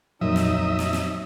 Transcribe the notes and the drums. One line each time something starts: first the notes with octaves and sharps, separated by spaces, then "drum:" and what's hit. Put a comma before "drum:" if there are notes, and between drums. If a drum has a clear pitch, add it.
F2 A#2 F#3 D#4 D#5 E5
drum: snare
drum: kick
drum: snare
drum: snare